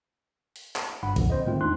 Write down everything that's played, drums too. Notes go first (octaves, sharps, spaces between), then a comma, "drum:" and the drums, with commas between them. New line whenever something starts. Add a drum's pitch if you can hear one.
drum: open hi-hat
drum: clap
G1 G2 F#5 B5
E2 A#2 D3 F3, drum: kick, hi-hat
C4 C5 D#5
A2 D#3 G#3 A3 C4 F4
E2 D4 D#4 C6 F#6